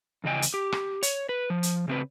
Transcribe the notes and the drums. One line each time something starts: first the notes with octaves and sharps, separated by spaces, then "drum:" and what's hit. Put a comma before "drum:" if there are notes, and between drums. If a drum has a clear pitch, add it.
E2 C#3 D#5 G5 G#5
drum: hi-hat
G4
drum: rim click
C#5, drum: hi-hat
B4
F3
drum: hi-hat
C#3 C4 B4